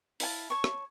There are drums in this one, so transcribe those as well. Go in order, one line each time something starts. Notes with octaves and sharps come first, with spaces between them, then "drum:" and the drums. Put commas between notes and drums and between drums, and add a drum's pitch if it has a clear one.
E4 F5 G#5 A5, drum: open hi-hat
C#5 A5 C#6
drum: rim click